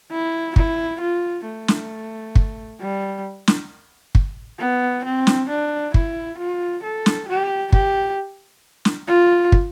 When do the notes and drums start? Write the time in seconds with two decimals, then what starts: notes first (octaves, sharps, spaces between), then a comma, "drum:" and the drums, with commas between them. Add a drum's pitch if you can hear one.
0.11 E4
0.56 E4, drum: kick
1.01 F4
1.46 A3
1.68 drum: snare
2.35 drum: kick
2.80 G3
3.47 drum: snare
4.15 drum: kick
4.59 B3
5.04 C4
5.27 drum: snare
5.49 D4
5.94 E4, drum: kick
6.38 F4
6.83 A4
7.06 drum: snare
7.29 G4
7.73 G4, drum: kick
8.85 drum: snare
9.07 F4
9.52 drum: kick